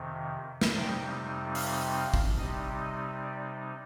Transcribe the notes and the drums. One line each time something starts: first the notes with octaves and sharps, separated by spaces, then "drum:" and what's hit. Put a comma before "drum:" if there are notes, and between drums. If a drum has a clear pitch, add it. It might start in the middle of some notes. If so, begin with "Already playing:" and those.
Already playing: F2 C3 D#3
drum: snare
F2 C3 G3 C4 D#4 G5
F5, drum: open hi-hat
F5
drum: kick
C3 G3 C4 D#4 D#5
D#5
D5